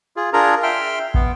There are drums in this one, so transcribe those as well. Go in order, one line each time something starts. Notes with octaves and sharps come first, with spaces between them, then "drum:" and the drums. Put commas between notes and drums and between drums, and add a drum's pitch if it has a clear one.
F4 G#4
D4 F4 G#4 A#4 A#5
E5 G5 C6 F6
B3, drum: kick